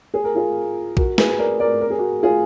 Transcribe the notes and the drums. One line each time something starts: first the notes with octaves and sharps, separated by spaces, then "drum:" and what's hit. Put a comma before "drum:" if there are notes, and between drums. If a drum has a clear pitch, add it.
G#4
A#4
F4 G#4
F#4 A#4, drum: kick A#1
G#4 B4, drum: snare
A#4 D5
A#4 D5
A#4
G#4
F#4 A#4
F4 G#4